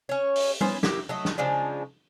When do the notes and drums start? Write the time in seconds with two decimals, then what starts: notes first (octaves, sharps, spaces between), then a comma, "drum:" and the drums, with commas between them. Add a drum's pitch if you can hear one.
0.09 C#4 C#5
0.35 drum: open hi-hat
0.61 B3 C#4 C5, drum: tom
0.83 A#3 E4 G4, drum: snare
1.09 F#3 A3 D#5
1.25 drum: snare
1.38 C#3 F3 G#3 D4